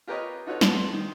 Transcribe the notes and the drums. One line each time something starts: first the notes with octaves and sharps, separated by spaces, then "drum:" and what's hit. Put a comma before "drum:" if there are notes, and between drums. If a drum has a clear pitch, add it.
F4 G4 A#4 B4 C#5 D#5
D#4 F4 F#4 A4 B4 C#5
F2 G3 B3 F4, drum: snare
C6
D#3